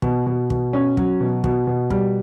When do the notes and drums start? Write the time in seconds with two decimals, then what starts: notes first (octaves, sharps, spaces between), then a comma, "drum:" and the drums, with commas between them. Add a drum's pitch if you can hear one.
0.02 B2, drum: kick
0.26 B2
0.50 B2, drum: kick
0.73 C#4
0.97 F#3, drum: kick
1.21 B2
1.44 B2, drum: kick
1.67 B2
1.90 G3, drum: kick